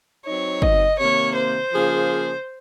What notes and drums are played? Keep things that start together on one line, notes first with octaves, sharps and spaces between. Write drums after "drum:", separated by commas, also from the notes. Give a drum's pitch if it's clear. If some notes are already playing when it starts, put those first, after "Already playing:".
F#3 C4 D#4 C#5
D#5, drum: kick
C3 D#3 A#3 C#5
C5
C#3 F3 A#3 F4 G#4